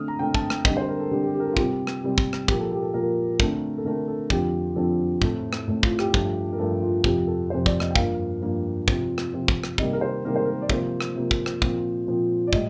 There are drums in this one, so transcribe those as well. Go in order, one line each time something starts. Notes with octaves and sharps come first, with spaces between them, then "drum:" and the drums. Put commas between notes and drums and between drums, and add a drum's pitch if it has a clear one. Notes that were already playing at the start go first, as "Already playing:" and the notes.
Already playing: D3 A3 C4 D#6 F6
A#5
D3 A3 C4 G5
A5, drum: kick
drum: rim click
D3 G3 C4 D#5, drum: kick
C5
A#4
A4
D3 G3 C4 G4
G4
G4
A#4
A4
F4
C3 G3 C4 G4, drum: kick
drum: rim click
C3 G3 C4
drum: kick
drum: rim click
A#2 F3 A#3 G4, drum: kick
A4
G4
A4
A#2 F3 A#3 A#4
D3 A3 C4, drum: kick
A4
D3 A3 C4 A#4
A4
F2 D3 F3 C4 G4, drum: kick
F2 D3 F3 C4 A4
A2 A3 C4, drum: kick
drum: rim click
A2 A3 C4
F4, drum: kick
G4, drum: rim click
G2 F3 A3, drum: kick
A#4
G2 F3 A3 A4
F4
F2 C3 F3 G4, drum: kick
A4
F2 C3 F3 C5
D5, drum: kick
D#5, drum: rim click
G5
G2 F3 A#3 F5, drum: kick
G2 F3 A#3
C3 F3 C4, drum: kick
drum: rim click
C3 F3 C4
drum: kick
drum: rim click
C3 D#3 G3 A#3 D#5, drum: kick
A#4
C5
C3 D#3 G3 A#3 A#4
C5
A#4
D5
C3 F3 A#3 C5, drum: kick
drum: rim click
C3 F3 A#3
drum: kick
drum: rim click
A#2 F3 C4, drum: kick
A#2 F3 C4
D5
A2 G3 D#5, drum: kick